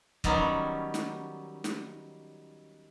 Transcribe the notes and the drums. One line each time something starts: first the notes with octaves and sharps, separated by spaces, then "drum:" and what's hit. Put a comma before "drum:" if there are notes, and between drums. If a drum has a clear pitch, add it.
D#3 F#3 G3 B3 C#4, drum: kick
drum: snare
drum: snare